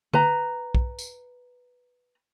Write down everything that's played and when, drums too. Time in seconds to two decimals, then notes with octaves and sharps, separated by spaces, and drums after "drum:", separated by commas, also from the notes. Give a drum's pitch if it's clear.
0.14 B4 A#5, drum: tom D3
0.75 drum: kick B1
0.99 drum: tambourine